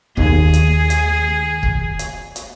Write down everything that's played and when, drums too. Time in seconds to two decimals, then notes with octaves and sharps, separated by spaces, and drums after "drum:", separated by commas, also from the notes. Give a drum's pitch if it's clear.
0.17 D#2 G#4, drum: kick
0.53 drum: hi-hat
0.90 drum: hi-hat
1.63 drum: kick
1.99 drum: hi-hat
2.36 drum: hi-hat